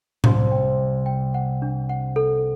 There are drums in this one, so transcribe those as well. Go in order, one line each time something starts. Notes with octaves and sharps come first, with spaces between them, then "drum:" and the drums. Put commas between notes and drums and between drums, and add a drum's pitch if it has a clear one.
C2 C3 C6, drum: tom A2
G5
G5
G5
F#5
D4
F#5
A4